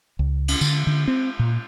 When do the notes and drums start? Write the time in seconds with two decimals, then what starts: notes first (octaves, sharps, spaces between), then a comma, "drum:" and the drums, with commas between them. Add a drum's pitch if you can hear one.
0.19 C#2
0.48 drum: cymbal
0.61 D3, drum: tambourine
0.87 D3
1.08 C4
1.39 A#2